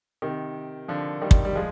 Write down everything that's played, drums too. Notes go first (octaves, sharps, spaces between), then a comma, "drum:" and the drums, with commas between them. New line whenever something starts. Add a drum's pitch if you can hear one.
C3 D#3
D3 F3
D#3 G3
drum: kick
G3
F3 G#3